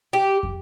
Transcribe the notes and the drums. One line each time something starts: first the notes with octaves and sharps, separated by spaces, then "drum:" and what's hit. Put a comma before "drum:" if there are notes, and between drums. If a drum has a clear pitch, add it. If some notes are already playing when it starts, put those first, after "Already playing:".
G4
drum: kick